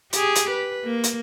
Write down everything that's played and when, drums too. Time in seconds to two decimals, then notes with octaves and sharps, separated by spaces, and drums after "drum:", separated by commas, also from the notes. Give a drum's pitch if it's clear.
0.13 G4 G#4, drum: hi-hat
0.36 drum: hi-hat
0.51 B4
0.84 A#3
1.04 drum: hi-hat